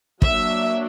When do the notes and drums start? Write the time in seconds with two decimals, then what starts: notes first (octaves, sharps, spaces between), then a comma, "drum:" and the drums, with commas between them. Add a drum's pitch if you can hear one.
0.22 F#3 A#3 D4 E5, drum: kick